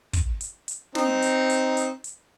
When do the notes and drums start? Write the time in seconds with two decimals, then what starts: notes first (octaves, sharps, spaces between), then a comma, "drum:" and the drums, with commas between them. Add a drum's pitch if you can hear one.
0.13 drum: kick, hi-hat
0.41 drum: hi-hat
0.68 drum: hi-hat
0.95 C4 D#4, drum: snare
1.22 drum: hi-hat
1.50 drum: hi-hat
1.77 drum: hi-hat
2.04 drum: hi-hat